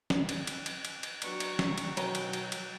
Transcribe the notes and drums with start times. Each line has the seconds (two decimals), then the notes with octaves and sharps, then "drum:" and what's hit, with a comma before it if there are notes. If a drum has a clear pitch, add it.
0.10 drum: snare
0.29 drum: cymbal
0.47 drum: cymbal
0.66 drum: cymbal
0.85 drum: cymbal
1.03 drum: cymbal
1.22 F#3 B3 D4 A#5 C#6, drum: cymbal
1.40 drum: cymbal
1.59 drum: snare
1.78 drum: cymbal
1.97 B2 D#3 F#3 C#5 G5 G#5 A#5, drum: cymbal
2.15 drum: cymbal
2.33 drum: cymbal
2.52 drum: cymbal